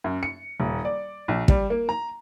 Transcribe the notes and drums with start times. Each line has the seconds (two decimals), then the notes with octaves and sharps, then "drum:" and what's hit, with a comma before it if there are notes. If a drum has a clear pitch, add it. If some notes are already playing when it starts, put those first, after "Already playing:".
0.04 F#2
0.23 C#7
0.60 D#1
0.85 D5
1.28 A#1
1.48 G3, drum: kick
1.70 A#3
1.89 A#5